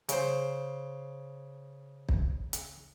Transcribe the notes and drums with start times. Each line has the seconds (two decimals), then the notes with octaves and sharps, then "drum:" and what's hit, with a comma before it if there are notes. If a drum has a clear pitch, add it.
0.09 C#3 C5, drum: hi-hat
2.09 drum: kick
2.53 drum: hi-hat